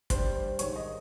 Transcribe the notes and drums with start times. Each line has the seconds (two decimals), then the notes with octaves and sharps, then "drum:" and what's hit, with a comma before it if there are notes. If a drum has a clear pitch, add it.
0.10 G2 G3 C5, drum: kick, hi-hat
0.59 G#2 D#3 G#3 C#5, drum: hi-hat
0.76 D#5